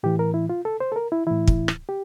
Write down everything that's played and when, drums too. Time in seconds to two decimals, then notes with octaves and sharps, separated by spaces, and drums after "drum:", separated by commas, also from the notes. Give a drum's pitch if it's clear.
0.03 A2 E3 G4
0.19 A#4
0.34 E4
0.50 F4
0.65 A4
0.80 C5
0.92 A4
0.96 A#4
1.12 E4
1.27 A2 E3 E4
1.47 drum: kick
1.68 drum: rim click
1.89 G4